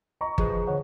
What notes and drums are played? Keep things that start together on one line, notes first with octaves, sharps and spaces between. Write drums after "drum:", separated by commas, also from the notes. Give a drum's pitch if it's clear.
D#5 A#5 C#6
F3 G#4 B4, drum: kick G1
D3 C#5 F#5